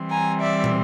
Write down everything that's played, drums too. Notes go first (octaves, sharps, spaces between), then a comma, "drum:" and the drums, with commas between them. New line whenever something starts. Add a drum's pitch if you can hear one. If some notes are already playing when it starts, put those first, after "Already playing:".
Already playing: E3 G3 C4
G#5 A#5
D5 E5
drum: tom